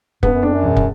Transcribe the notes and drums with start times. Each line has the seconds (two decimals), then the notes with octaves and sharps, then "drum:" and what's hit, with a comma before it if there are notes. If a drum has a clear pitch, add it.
0.23 G2 B3, drum: kick
0.33 F#2
0.43 F2 D4
0.54 F#2
0.63 E1
0.76 drum: kick